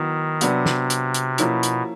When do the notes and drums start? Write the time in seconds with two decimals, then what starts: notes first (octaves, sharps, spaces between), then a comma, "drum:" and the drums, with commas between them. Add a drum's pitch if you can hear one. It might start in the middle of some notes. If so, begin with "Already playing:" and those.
Already playing: D#3 F#3 B3 E4
0.41 C3 F#3 B3 D4, drum: hi-hat
0.66 drum: snare
0.90 drum: hi-hat
1.14 drum: hi-hat
1.38 B2 F3 A#3 C#4 E4, drum: hi-hat
1.63 drum: hi-hat